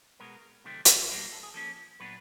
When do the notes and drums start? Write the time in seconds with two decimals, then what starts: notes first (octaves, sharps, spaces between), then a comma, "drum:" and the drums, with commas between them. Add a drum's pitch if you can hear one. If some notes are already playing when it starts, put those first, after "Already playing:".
0.19 B2 G#3 B3 A#4
0.64 C3 D#3 F#3 A3 C4
0.85 drum: hi-hat
1.09 B2 G3 A#3 D4 B4
1.21 A#4
1.32 A4
1.43 G#4
1.54 F3 A#3 C#4 A4
2.00 A#2 F#3 B3 D4 B4